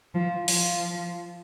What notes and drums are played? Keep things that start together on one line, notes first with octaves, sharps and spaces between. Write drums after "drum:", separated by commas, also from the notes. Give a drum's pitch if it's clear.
F3
F3, drum: open hi-hat